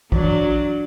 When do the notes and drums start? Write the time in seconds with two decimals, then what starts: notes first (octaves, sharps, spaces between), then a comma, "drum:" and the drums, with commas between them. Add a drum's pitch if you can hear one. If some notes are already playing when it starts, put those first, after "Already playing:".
0.12 E3 F#3 D4, drum: kick A#1